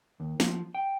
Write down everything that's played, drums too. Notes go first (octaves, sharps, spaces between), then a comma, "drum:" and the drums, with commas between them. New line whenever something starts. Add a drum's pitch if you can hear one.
D#2
F3, drum: snare
G5